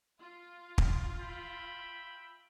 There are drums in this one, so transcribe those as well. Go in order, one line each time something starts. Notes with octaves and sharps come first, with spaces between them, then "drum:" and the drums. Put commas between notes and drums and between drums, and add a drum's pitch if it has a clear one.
F4
drum: kick
E5 G5 B5